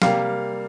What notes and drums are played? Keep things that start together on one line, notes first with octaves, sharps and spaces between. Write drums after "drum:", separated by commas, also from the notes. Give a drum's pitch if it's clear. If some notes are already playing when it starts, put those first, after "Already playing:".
C3 G3 A#3 F5, drum: snare